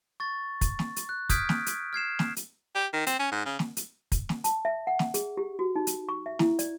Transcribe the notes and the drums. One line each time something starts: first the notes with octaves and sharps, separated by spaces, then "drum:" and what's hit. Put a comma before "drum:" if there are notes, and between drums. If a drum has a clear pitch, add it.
C#6 A6
drum: kick, hi-hat
drum: snare
drum: hi-hat
F#6
D#6 F6 G6 G#6 B6 D7, drum: kick, hi-hat
drum: snare
drum: hi-hat
F6 G#6 C7 E7
drum: snare
drum: hi-hat
G4
D#3
C4, drum: hi-hat
C#4
G#2
C#3
drum: snare
drum: hi-hat
drum: kick, hi-hat
drum: snare
A5, drum: hi-hat
E5
F#5
drum: snare
G#4, drum: hi-hat
G4
F#4
D#4
drum: hi-hat
C#6
E5
E4, drum: snare
D5, drum: hi-hat